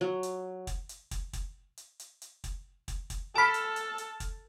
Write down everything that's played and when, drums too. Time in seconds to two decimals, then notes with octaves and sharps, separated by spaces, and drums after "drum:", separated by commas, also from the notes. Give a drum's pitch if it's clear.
0.01 F#3
0.23 drum: hi-hat
0.67 drum: kick, hi-hat
0.89 drum: hi-hat
1.11 drum: kick, hi-hat
1.33 drum: kick, hi-hat
1.77 drum: hi-hat
2.00 drum: hi-hat
2.22 drum: hi-hat
2.44 drum: kick, hi-hat
2.88 drum: kick, hi-hat
3.10 drum: kick, hi-hat
3.35 A4 A5 B5 F6 D7
3.54 drum: hi-hat
3.76 drum: hi-hat
3.98 drum: hi-hat
4.20 drum: kick, hi-hat